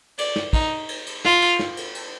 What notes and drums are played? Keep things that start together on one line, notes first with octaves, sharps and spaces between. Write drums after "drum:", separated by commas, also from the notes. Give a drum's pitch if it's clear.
D5, drum: cymbal
drum: snare
D#4, drum: kick, cymbal
drum: cymbal
drum: cymbal
F4, drum: snare
drum: cymbal
drum: snare
drum: cymbal
drum: cymbal